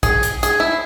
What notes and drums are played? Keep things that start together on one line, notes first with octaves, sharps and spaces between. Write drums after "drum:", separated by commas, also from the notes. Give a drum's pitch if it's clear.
G#4, drum: kick, hi-hat
drum: hi-hat
G#4, drum: hi-hat
E4